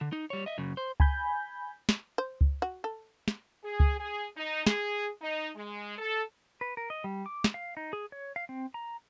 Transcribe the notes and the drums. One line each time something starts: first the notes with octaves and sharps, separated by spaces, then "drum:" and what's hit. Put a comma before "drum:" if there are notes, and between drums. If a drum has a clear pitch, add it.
D3
D#4
G3 C#5
D#5 E5
F#2 C#3
C5
G#5 B5 G6, drum: kick C#2
drum: snare
C5
drum: kick C#2
F#4
A4
drum: snare
G#4
drum: kick C#2
G#4
D#4
G#4, drum: snare
D#4
G#3
A4
B4
A#4
D#5
G3
D6
drum: snare
F5
D#4
G#4
C#5
F5
C4
A#5